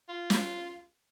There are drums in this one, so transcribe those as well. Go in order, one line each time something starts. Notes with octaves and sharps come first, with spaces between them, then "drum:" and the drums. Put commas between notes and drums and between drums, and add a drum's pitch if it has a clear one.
F4
drum: snare